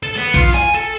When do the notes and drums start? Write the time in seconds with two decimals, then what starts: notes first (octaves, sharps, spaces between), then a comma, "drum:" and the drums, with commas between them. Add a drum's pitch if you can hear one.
0.03 A4
0.17 B3
0.34 F4, drum: kick
0.54 G#5, drum: hi-hat
0.74 A4